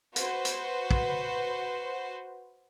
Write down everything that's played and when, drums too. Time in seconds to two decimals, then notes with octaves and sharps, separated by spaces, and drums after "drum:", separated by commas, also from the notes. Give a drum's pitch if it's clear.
0.16 F#4 B4 C5, drum: hi-hat
0.45 drum: hi-hat
0.91 drum: kick